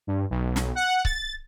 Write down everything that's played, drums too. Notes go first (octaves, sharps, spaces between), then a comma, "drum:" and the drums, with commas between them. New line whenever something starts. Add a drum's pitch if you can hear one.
G2
B1
drum: snare
F#5
A6, drum: kick C#1